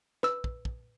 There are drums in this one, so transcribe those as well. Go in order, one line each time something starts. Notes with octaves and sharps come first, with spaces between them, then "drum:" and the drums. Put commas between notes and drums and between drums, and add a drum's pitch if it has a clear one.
B4 E6, drum: snare
drum: kick
drum: kick